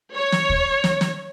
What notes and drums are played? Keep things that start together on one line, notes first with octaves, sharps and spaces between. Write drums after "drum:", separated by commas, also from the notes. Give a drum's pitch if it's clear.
C#5
drum: snare
drum: kick D2
drum: snare
drum: snare